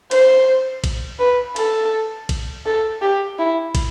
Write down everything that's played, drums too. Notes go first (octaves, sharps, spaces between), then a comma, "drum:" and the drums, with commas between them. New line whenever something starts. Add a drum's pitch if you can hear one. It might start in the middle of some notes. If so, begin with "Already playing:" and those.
C5, drum: cymbal
drum: kick, cymbal
B4
A4, drum: cymbal
drum: kick, cymbal
A4
G4
E4
drum: kick, cymbal